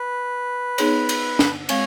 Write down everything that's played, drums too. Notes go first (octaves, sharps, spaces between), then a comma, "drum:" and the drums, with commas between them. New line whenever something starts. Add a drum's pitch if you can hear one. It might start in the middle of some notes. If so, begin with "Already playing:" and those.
Already playing: B4
B3 D#4 G#4 C#5, drum: cymbal
drum: cymbal
drum: snare
G#3 C4 C#5, drum: cymbal